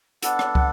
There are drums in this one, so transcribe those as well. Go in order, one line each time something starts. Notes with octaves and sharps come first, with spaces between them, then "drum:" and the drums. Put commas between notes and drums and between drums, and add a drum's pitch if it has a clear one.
B3 D4 A4 F#5, drum: hi-hat
drum: rim click
drum: kick